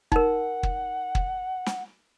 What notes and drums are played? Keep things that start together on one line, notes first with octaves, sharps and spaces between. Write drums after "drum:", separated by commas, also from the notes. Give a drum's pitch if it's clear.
D#4 A#4 F#5, drum: kick
drum: kick
drum: kick
drum: snare